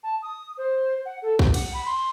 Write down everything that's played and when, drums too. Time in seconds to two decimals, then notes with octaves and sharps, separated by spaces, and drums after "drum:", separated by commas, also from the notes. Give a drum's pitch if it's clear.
0.03 A5
0.22 D#6
0.58 C5
1.06 F#5
1.22 A4
1.39 G4, drum: kick B1
1.54 F#5, drum: cymbal
1.74 B5
1.86 C6